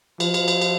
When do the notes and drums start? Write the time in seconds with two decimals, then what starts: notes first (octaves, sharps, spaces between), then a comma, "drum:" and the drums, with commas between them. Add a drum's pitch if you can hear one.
0.20 F3, drum: cymbal
0.34 drum: cymbal
0.48 drum: cymbal
0.61 drum: cymbal